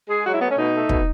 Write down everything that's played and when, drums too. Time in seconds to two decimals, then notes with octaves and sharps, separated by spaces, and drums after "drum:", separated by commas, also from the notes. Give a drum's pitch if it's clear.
0.09 G#3 G#4
0.25 F#3 F#4
0.34 E4
0.41 A3 B3
0.49 C#4
0.57 B2 D#4
0.74 A3
0.89 B2, drum: kick